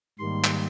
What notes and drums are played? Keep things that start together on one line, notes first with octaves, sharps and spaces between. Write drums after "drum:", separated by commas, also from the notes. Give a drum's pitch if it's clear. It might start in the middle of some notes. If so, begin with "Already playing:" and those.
G#2 D#3 G3 A#3 C6
drum: clap